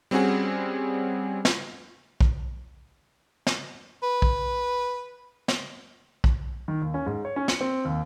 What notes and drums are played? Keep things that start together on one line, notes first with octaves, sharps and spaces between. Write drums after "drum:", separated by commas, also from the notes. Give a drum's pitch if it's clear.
G3 C4 C#4 F#4 G#4
drum: snare
drum: kick
drum: snare
B4
drum: kick
drum: snare
drum: kick
D#3
D#2
C#4
G#2
C#5
C#4
C#7, drum: snare
C4
D#2